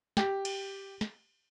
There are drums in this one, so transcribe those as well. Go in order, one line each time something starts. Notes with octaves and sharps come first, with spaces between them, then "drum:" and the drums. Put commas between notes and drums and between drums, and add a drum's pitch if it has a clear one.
G4, drum: snare
drum: cymbal
drum: snare